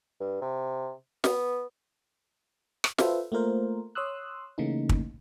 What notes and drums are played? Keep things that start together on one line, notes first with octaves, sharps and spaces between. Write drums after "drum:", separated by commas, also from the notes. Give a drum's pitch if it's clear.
G2
C3
B3, drum: snare
drum: rim click
F4 A4 B4 C5 E5, drum: snare
A3 A#3 F4 A#4 C5
C#5 C6 D#6 E6 F#6
C#3 E3 A3 A#3 C#4 D#4
drum: kick